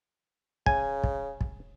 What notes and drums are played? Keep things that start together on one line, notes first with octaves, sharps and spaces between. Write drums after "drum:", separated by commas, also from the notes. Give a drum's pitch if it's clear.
C#3 G#5, drum: kick
drum: kick
drum: kick